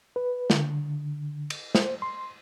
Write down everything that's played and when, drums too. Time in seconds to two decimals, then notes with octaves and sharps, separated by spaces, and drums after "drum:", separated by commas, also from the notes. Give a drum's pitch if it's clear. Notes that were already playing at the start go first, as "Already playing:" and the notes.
0.16 B4
0.50 D3, drum: snare
1.50 drum: cymbal
1.75 C5, drum: snare
2.02 C6